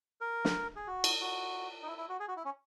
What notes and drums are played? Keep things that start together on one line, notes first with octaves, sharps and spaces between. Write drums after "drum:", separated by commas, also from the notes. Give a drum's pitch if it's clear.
A#4
drum: snare
G#4
F#4
drum: cymbal
F#4
D#4
E4
E4
F#4
G#4
F#4
E4
C#4